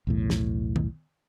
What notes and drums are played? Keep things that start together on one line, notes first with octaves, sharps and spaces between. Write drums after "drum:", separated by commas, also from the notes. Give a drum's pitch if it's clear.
B1 E2 A2
drum: snare
drum: tom D#3